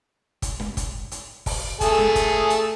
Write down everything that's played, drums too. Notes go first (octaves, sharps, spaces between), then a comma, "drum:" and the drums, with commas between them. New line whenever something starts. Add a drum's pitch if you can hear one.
drum: kick, hi-hat
drum: snare
drum: kick, hi-hat
drum: hi-hat
drum: kick, open hi-hat
A3 G#4 A4, drum: kick, hi-hat
drum: snare
drum: kick, hi-hat
drum: hi-hat